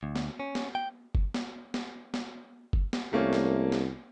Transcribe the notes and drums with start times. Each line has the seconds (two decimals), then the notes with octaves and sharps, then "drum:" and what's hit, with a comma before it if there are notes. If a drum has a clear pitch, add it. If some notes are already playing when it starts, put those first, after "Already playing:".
0.03 D2
0.16 drum: snare
0.40 C#4
0.55 drum: snare
0.75 G5
1.15 drum: kick F#1
1.34 drum: snare
1.74 drum: snare
2.14 drum: snare
2.73 drum: kick F#1
2.93 drum: snare
3.13 C2 A3 A#3 C#4
3.33 drum: snare
3.72 drum: snare